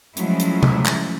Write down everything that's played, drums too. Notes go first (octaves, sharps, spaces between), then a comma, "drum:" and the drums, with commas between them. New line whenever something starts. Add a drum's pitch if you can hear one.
F3 F#3 G#3 A3 C#4 E4, drum: hi-hat
drum: hi-hat
drum: tom
drum: clap